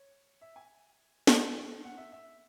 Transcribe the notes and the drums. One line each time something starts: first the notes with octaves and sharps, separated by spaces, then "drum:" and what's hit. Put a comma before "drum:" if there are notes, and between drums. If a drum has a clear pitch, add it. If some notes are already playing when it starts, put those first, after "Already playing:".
Already playing: C#5
E5
G#5
G#5, drum: snare
F#5
E5
E5